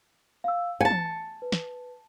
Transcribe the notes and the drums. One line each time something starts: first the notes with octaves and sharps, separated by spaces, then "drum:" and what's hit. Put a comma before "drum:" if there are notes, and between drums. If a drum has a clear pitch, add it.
F5 E6
G#5 A5 C#7
drum: tom E3
B4
drum: snare